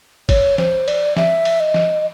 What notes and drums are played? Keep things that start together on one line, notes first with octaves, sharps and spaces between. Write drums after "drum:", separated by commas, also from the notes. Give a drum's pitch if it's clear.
C#5, drum: kick, cymbal
C5, drum: snare
D5, drum: cymbal
E5, drum: snare
drum: cymbal
D#5
drum: snare